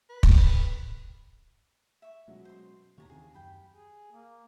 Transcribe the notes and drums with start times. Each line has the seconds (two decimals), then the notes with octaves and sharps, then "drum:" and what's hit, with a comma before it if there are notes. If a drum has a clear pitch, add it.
0.09 B4
0.23 drum: kick
2.02 E5 C#6
2.28 B2 F#3 G#3 C#4
2.45 C5 C6
2.98 D#2 B2 D3 C#5 A5 A#5
3.10 C#3 E3 C4 G#4
3.34 F#2 G5 B5
3.72 G#4
4.12 A#3